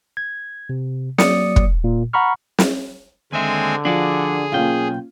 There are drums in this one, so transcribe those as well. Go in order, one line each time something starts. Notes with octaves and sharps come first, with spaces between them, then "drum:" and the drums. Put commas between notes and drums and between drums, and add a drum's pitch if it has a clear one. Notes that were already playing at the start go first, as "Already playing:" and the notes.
G#6
C3
F#3 A#3 D5 D#6 C#7, drum: snare
drum: kick
A#2
F#5 A#5 B5 C#6 F6
drum: snare
D#2 D3 G#3 C4 E5 G#5
F3 D4 F#4 G#4 D5
B1 A#3 C#4 F4 G5